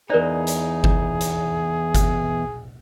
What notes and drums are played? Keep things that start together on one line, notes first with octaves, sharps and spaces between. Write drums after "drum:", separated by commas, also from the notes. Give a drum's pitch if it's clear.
E2 D#4 G#4 A#4 C5 D5
drum: hi-hat
drum: kick G1
drum: hi-hat
drum: kick G1, hi-hat